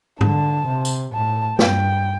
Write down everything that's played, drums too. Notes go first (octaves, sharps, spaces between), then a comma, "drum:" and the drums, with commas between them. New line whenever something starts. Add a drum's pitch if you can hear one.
D3 A5, drum: tom G#2
C3
drum: tambourine
A2 A5
G2 G5, drum: snare